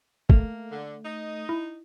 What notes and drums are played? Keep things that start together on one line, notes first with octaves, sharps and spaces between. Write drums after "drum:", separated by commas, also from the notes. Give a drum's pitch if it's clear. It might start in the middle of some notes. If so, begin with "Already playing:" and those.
A3 A#3, drum: kick
D3
D#4 D#5
E4